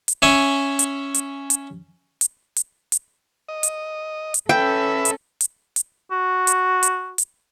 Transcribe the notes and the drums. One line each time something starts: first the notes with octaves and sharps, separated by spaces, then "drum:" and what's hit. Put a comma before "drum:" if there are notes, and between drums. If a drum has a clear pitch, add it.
drum: hi-hat
C#4 C#5 E5 G#5 C#6
drum: hi-hat
drum: hi-hat
drum: hi-hat
drum: hi-hat
drum: hi-hat
drum: hi-hat
D#5
drum: hi-hat
drum: hi-hat
C#4 A4 B4 E5 G5
drum: hi-hat
drum: hi-hat
drum: hi-hat
F#4
drum: hi-hat
drum: hi-hat
drum: hi-hat